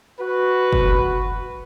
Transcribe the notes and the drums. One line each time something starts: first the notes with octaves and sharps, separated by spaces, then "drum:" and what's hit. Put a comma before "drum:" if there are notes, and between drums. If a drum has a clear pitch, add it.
F#4 B4
drum: kick